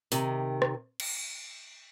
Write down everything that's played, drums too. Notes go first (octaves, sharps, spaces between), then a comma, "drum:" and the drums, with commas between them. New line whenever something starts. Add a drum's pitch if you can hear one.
C3 D#3, drum: open hi-hat
drum: rim click
drum: cymbal